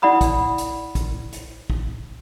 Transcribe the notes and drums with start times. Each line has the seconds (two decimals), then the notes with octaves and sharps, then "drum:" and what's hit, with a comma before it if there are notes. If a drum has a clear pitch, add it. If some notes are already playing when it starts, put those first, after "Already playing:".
0.02 E4 D5 F#5 B5 D#6
0.21 drum: kick, hi-hat
0.58 drum: hi-hat
0.95 drum: kick, hi-hat
1.32 drum: hi-hat
1.70 drum: kick